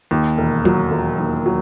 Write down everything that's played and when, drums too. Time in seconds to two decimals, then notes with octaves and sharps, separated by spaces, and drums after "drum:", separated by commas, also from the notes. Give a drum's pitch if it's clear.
0.11 D#2
0.38 E1
0.65 F#3, drum: tom F#3
0.91 E1
1.19 D#2
1.46 F#3